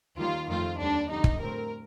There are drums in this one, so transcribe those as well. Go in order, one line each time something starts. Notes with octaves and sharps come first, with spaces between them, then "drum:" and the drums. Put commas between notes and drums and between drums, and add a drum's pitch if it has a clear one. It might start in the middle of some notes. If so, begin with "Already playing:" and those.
D#2 D#3 G3 A#3 F4
F2 D#3 A3 C4 F4
D#2 D3 G3 D4
F2 D3 G3 D#4
drum: kick
A2 A3 C4 A#4